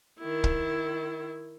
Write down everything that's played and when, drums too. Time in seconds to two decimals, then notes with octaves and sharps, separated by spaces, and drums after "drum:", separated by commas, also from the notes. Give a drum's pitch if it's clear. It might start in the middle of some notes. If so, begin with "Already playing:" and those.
0.20 D#3 E4
0.44 drum: kick